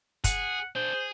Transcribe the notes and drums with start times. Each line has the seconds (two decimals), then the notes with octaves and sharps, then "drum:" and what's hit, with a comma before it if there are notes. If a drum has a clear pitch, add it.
0.24 G#4 F#5, drum: kick, hi-hat
0.75 D4 G#4 C5
0.94 G#4